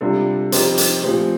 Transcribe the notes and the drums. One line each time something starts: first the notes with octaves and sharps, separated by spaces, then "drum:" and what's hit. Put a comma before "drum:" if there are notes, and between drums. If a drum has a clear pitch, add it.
C3 G3 D4 F4 A4
F3 C4 D#4 G4 C5, drum: hi-hat
drum: hi-hat
A#2 F3 A3 C4 G4